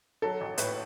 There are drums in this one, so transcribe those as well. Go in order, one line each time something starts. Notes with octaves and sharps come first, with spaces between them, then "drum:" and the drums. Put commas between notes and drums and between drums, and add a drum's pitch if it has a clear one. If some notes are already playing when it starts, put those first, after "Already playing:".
F#3 A4
A1
A2 B4, drum: hi-hat